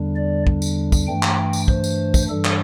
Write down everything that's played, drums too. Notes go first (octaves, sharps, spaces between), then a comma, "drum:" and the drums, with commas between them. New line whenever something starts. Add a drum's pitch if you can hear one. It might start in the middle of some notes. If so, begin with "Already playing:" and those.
Already playing: E2 D3 G3 D4
D5
drum: kick
drum: tambourine
drum: kick, tambourine
G2 E3 A3 D4 G5
drum: clap
drum: tambourine
C5, drum: kick
drum: tambourine
drum: kick, tambourine
G2 E3 G3 D4 A4
drum: clap